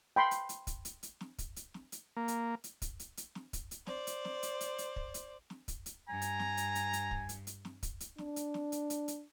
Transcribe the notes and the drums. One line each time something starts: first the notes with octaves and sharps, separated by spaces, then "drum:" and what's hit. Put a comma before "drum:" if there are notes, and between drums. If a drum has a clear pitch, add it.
G5 B5 C6
drum: hi-hat
drum: hi-hat
drum: kick, hi-hat
drum: hi-hat
drum: hi-hat
drum: snare
drum: kick, hi-hat
drum: hi-hat
drum: snare
drum: hi-hat
A#3
drum: hi-hat
drum: hi-hat
drum: kick, hi-hat
drum: hi-hat
drum: hi-hat
drum: snare
drum: kick, hi-hat
drum: hi-hat
C5 D5, drum: snare
drum: hi-hat
drum: snare
drum: hi-hat
drum: hi-hat
drum: hi-hat
drum: kick
drum: hi-hat
drum: snare
drum: kick, hi-hat
drum: hi-hat
G2 G#5 A#5
drum: hi-hat
drum: snare
drum: hi-hat
drum: hi-hat
drum: hi-hat
drum: kick
drum: hi-hat
drum: hi-hat
drum: snare
drum: kick, hi-hat
drum: hi-hat
D4, drum: snare
drum: hi-hat
drum: snare
drum: hi-hat
drum: hi-hat
drum: hi-hat